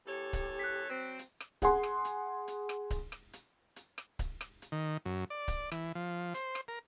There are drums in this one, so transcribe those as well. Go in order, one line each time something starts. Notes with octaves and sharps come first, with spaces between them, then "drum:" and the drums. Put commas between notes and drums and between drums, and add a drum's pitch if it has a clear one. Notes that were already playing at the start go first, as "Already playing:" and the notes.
E2 G4 A4 C#5
drum: kick C#1, hi-hat
F#6 B6
F#3 C4
drum: hi-hat
drum: rim click
G#4 F#5 G#5 C6, drum: kick C#1, hi-hat
drum: rim click
drum: hi-hat
drum: hi-hat
drum: rim click
drum: kick C#1, hi-hat
drum: rim click
drum: hi-hat
drum: hi-hat
drum: rim click
drum: kick C#1, hi-hat
drum: rim click
drum: hi-hat
D#3
F#2
D5
drum: kick C#1, hi-hat
E3, drum: rim click
F3
C5, drum: hi-hat
drum: rim click
A#4